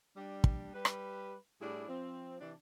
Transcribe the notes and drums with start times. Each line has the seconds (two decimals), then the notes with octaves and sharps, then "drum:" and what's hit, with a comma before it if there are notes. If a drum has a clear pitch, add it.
0.17 G3 D4
0.44 drum: kick
0.74 G3 B4
0.85 drum: rim click
1.61 A2 G3 D4 E4 G#4
1.88 F3 C4
2.40 C3 E3 D4